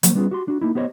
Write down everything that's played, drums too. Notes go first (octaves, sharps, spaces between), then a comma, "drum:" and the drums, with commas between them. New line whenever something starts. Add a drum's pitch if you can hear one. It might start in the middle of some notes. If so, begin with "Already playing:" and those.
F3 F#3 A#3 C5, drum: hi-hat
G3 B3 C#4 F4 G#4
F#4 G4 C6
D4 F#4
A#3 D#4 E4
B3 G4 C5 C#5 D#5